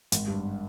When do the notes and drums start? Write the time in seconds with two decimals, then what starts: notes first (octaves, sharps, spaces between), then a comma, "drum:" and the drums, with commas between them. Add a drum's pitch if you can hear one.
0.12 G#1, drum: hi-hat
0.28 G2